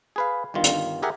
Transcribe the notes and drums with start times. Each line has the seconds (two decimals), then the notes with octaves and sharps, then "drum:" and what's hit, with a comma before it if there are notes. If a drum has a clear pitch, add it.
0.16 G#4 B4 F5
0.54 G1 G2 D#3 F4
0.64 drum: hi-hat
1.02 G4 G#4 A#4 E5 F#5